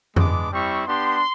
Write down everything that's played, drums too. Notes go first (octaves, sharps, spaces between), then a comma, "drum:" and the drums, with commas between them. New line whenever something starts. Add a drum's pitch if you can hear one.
G#3 B3 D4 D6, drum: tom F2
G3 C4 E4 C#6
B3 D4 G4 C6